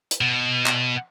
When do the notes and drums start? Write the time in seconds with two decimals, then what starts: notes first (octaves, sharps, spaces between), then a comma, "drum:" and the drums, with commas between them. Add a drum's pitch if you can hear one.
0.11 drum: hi-hat
0.21 B2
0.66 drum: clap